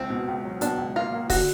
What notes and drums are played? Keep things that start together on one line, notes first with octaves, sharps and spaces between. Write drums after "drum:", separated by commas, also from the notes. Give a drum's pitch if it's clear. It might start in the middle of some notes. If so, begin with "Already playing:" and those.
Already playing: C#2 C4
B2
C#2
F#3
B2 D4, drum: hi-hat
C#2
A#3 F4
A#3
D3 F#4, drum: kick, open hi-hat